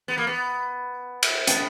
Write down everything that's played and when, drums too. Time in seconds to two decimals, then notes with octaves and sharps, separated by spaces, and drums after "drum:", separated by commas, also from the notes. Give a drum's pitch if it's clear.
0.08 B3
0.18 A#3
0.27 B3
1.23 drum: cymbal
1.47 B3, drum: hi-hat